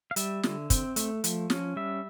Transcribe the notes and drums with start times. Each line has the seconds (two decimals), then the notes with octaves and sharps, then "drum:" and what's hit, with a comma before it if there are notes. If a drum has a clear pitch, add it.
0.11 F5
0.16 G3 E5, drum: hi-hat
0.43 D3, drum: snare
0.70 C4, drum: kick, hi-hat
0.96 A3, drum: hi-hat
1.24 F3, drum: hi-hat
1.50 C#4, drum: snare
1.76 G3 E5